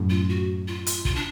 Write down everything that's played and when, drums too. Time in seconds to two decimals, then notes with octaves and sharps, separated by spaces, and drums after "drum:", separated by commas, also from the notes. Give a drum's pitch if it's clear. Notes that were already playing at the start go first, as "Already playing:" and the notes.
Already playing: F#2 A2
0.10 F4
0.29 F#4
0.68 F4
0.87 drum: hi-hat
1.05 F4, drum: kick
1.15 D4